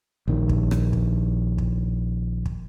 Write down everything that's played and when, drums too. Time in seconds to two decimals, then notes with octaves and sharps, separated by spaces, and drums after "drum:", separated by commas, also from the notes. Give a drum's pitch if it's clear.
0.28 A#1 D#3
0.49 drum: kick
0.71 drum: rim click
0.93 drum: kick
1.58 drum: kick
2.46 drum: kick